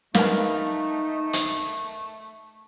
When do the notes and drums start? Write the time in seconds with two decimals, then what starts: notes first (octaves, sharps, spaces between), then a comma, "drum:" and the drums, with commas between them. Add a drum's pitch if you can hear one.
0.14 A3 D#4 A#4 B4 F5 A5, drum: snare
1.33 drum: hi-hat